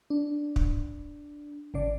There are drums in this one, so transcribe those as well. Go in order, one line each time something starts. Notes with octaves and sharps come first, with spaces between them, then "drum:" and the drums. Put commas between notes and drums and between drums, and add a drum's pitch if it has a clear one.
D4
drum: kick
G#1 C#3 D5